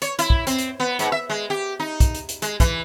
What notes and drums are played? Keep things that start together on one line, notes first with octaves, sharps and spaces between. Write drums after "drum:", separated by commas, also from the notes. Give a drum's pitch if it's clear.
C#5, drum: hi-hat
E4, drum: hi-hat
drum: kick
C4, drum: hi-hat
drum: hi-hat
B3
G#2, drum: hi-hat
E5
G#3
G4
D#4
drum: kick, hi-hat
drum: hi-hat
drum: hi-hat
G#3, drum: hi-hat
E3, drum: kick, hi-hat